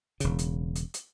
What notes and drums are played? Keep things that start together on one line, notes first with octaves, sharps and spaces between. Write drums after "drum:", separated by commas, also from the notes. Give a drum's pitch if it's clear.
E1 C#3, drum: hi-hat
drum: hi-hat
drum: hi-hat
drum: hi-hat